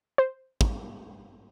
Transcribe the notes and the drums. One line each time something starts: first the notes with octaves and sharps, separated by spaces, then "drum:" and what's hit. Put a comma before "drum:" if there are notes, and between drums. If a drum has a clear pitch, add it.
C5
drum: kick